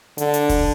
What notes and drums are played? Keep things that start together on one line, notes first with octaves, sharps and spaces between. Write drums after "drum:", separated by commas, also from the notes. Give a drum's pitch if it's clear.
D3, drum: hi-hat
drum: hi-hat
drum: kick E1, open hi-hat